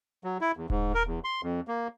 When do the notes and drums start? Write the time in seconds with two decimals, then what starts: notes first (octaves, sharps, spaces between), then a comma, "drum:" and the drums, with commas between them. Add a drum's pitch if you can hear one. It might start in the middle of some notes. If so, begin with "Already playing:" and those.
0.24 F#3
0.41 E4
0.57 E2
0.70 G#2, drum: kick D#1
0.94 A#4
1.07 E2
1.24 C6
1.43 F2
1.68 A#3